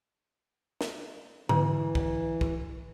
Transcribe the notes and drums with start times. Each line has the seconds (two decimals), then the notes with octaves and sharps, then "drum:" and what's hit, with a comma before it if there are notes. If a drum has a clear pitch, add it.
0.81 drum: snare
1.49 D3 E3, drum: tom G#2
1.95 drum: kick
2.41 drum: kick